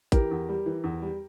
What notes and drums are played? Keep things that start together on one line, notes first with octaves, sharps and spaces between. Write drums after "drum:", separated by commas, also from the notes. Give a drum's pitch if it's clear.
E3 G4 A#4, drum: kick A1, hi-hat
E2
G3
E3
E2
G3